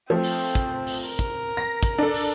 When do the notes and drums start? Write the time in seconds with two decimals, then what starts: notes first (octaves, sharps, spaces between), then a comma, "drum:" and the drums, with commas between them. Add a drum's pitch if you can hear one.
0.10 F3 A3 C4
0.23 drum: open hi-hat
0.55 drum: kick, hi-hat
0.87 drum: open hi-hat
1.07 A#4
1.19 drum: kick, hi-hat
1.57 A#6
1.83 drum: kick, hi-hat
1.98 D4 A4
2.14 drum: open hi-hat